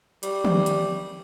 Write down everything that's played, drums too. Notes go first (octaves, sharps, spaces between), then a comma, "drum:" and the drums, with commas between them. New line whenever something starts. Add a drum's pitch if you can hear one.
G3, drum: hi-hat
drum: tom
drum: hi-hat